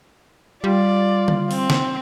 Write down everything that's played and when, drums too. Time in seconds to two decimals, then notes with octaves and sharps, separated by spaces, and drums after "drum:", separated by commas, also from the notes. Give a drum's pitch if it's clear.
0.64 G3 F4 D5
1.28 drum: tom D3
1.51 C4, drum: open hi-hat
1.70 drum: snare